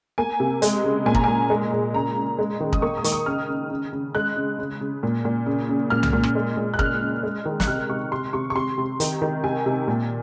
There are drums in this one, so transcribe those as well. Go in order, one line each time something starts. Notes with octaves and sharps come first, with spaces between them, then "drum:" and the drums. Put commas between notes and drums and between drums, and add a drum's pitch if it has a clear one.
A#3 G#5
C3
G#3, drum: hi-hat
C#3
A#2 G#5
A#5, drum: kick
A#2 G#5
G#3
A#2
C#3 A#5
C#3
G#3
D#3
D#6, drum: kick
A#3 C#6
D#6
D#3 C#6, drum: hi-hat
D#6
C#3 F6
C#3
C#3
C#3
G#3 F#6
C#3
C#3
C#3
A#2
A#2
C#3
C#3
A#2 F6
drum: tom C2
A#2
drum: rim click
G#3
A#2
F#6
C#3 F6, drum: kick
C#3
G#3
D#3
F#6, drum: snare
C3 F6
C3 C#6
C3 C6
C3 C#6
C#6
C3 C6
C3
D#3, drum: hi-hat
D#3
C3 G#5
C3
A#2